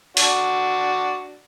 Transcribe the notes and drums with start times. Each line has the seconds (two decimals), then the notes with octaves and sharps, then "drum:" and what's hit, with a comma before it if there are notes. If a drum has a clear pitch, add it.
0.17 D4 F#4, drum: open hi-hat